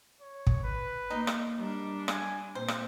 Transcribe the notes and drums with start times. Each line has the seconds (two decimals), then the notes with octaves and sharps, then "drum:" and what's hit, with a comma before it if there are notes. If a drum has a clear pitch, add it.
0.21 C#5
0.47 drum: kick
0.63 B4
1.10 A#3 D#4
1.27 drum: rim click
1.57 G3 D4 A#4
2.08 G#5, drum: rim click
2.55 A#2 C4 C5
2.68 drum: rim click